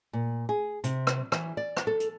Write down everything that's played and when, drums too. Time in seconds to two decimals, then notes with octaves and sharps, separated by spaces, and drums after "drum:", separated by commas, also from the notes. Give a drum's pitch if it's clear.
0.13 A#2
0.49 G#4
0.84 C3, drum: hi-hat
1.07 drum: rim click
1.32 E3, drum: rim click
1.57 D5
1.77 drum: rim click
1.87 A4
2.00 drum: hi-hat